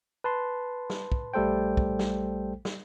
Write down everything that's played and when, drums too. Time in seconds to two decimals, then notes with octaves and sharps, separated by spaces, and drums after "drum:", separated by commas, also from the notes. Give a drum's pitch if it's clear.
0.24 B4 A5 C6
0.90 drum: snare
1.12 drum: kick
1.34 A#1 G3 A3 A4 C5 G5
1.77 drum: kick
1.99 drum: snare
2.65 drum: snare